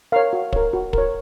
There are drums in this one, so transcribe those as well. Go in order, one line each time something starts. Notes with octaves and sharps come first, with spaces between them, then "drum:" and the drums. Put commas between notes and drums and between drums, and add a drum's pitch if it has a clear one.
A#4 C#5 F5
F#4
A#4 C#5, drum: kick
F#4
A#4 C#5, drum: kick